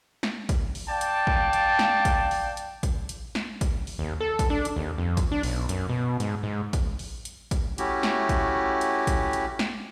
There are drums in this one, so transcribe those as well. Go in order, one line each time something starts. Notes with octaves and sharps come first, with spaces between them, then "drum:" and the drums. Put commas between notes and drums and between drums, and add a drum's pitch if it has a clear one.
drum: snare
drum: kick, hi-hat
drum: open hi-hat
D5 F5 G5 A5
drum: hi-hat
drum: kick
drum: hi-hat
drum: snare
drum: kick, hi-hat
drum: open hi-hat
drum: hi-hat
drum: kick, hi-hat
drum: hi-hat
drum: snare
drum: kick, hi-hat
drum: open hi-hat
D#2
A4
drum: kick, hi-hat
D4
drum: hi-hat
D#2
F2
drum: kick, hi-hat
D4
B1, drum: open hi-hat
F#2, drum: hi-hat
B2
G#2, drum: hi-hat
G#2
drum: kick, hi-hat
drum: open hi-hat
drum: hi-hat
drum: kick, hi-hat
A3 C#4 E4 F#4 G4, drum: hi-hat
drum: snare
drum: kick, hi-hat
drum: hi-hat
drum: kick, hi-hat
drum: hi-hat
drum: snare